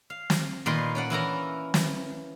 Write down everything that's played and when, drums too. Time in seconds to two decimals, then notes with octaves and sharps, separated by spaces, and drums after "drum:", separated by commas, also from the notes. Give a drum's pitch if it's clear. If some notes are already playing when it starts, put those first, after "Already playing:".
0.10 F5
0.30 drum: snare
0.66 A#2 D#3 A#3 B4 C6
0.95 C#4 D5 F#5
1.10 E3 E4 A#4 A#5
1.74 drum: snare